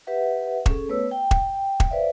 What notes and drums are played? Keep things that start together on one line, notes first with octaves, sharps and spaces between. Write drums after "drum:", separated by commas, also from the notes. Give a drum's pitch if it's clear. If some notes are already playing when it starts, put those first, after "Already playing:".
G4 B4 E5 F#5
C#4 G#4 A4, drum: kick E1
A3 B3 B4 C#5 E6
G5
drum: kick E1
drum: kick E1
B4 C5 D5 E5 F5